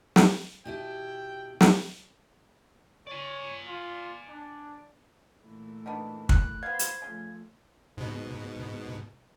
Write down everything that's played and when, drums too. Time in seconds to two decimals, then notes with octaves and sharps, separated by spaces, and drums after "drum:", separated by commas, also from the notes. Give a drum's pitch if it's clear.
0.16 drum: snare
0.65 B2 E4 G4 G5
1.61 drum: snare
3.07 C#5 D5 G#5
3.67 F4
4.28 D4
5.43 A#2 E3 A3
5.86 D#3 B3 D4
6.29 F#6, drum: kick
6.63 B3 C5 F5 B5 C6 G#6
6.79 drum: hi-hat
7.02 C#3 F3 A3 F4
7.97 G#2 B2